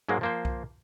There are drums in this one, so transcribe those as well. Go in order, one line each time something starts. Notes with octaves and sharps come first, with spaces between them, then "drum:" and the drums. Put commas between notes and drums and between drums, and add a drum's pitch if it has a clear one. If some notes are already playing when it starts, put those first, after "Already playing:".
G#2 F#3 G#3 A#3
F3 A#3 C5
drum: kick B1